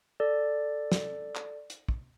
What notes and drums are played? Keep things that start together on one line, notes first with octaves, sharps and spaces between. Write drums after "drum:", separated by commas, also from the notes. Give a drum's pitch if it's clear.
A4 D5
drum: snare
drum: clap
drum: hi-hat
drum: kick